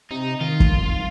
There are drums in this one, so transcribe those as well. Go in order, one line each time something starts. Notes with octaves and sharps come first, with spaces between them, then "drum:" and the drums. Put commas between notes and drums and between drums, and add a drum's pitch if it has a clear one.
C3 D#4
D#3 F4
drum: kick
C2